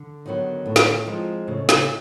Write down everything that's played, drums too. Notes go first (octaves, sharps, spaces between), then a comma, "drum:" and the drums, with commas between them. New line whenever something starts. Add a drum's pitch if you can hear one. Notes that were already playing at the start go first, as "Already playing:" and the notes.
Already playing: D3
D#3 F#3 B3
A2
drum: snare
F3 G#3 C4 D#4
A2 C#3
C#3, drum: snare